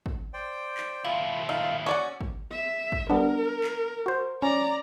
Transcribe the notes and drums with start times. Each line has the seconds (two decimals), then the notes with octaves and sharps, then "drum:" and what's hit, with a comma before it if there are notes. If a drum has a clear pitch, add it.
0.06 drum: kick
0.34 C5 D5 G5
0.77 drum: clap
1.04 D#2 E4 F4
1.49 D#4 F4 A4 F5
1.86 C#4 F#4 D5 F#5 G#5 D#6 E6
2.21 drum: kick
2.51 E5
2.92 drum: kick
3.10 G3 B3 D4 A#4
3.64 drum: clap
4.06 F#4 C5
4.42 C#4 D5 A#5